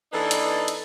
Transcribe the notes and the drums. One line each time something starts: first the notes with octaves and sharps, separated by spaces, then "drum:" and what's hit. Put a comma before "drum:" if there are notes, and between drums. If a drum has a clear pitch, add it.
E3 A#3 D4 D#4 A4 B4
drum: hi-hat
drum: hi-hat